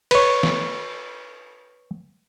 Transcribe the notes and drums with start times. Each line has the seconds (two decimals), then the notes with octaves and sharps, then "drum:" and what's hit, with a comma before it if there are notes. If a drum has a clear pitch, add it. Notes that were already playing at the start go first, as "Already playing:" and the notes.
0.11 B4 C#5, drum: cymbal
0.43 drum: snare